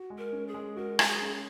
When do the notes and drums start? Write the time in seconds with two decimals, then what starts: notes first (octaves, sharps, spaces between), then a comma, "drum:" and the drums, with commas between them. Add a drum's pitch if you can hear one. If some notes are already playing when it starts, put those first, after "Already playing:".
Already playing: F#4
0.10 G#3
0.18 A#4
0.33 C#4
0.47 G#4
0.54 G#3
0.76 F#4 A#4
0.99 G#3, drum: rim click
1.07 G#4
1.21 C#4